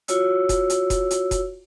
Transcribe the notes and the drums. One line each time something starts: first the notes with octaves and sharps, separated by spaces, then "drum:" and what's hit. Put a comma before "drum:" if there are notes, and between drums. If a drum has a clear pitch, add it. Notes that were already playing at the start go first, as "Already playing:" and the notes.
F4 F#4 C#5 E6, drum: hi-hat
drum: kick F1, hi-hat
drum: hi-hat
drum: kick F1, hi-hat
drum: hi-hat
drum: kick F1, hi-hat